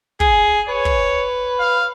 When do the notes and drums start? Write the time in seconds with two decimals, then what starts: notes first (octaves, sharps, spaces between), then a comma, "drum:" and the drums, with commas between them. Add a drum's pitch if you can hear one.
0.20 G#4, drum: kick
0.68 B4 C#5
0.85 drum: kick
1.60 F5